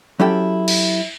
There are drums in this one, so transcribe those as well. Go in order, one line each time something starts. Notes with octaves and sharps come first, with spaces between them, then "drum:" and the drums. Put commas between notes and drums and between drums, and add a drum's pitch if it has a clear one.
F#3 C#4 E4 G4 A4 G5
drum: cymbal